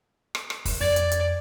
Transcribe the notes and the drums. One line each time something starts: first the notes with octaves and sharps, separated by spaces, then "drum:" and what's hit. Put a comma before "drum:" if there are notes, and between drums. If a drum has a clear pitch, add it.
drum: rim click
drum: rim click
drum: kick, open hi-hat
F2 D5 G#6 A6
drum: hi-hat
drum: hi-hat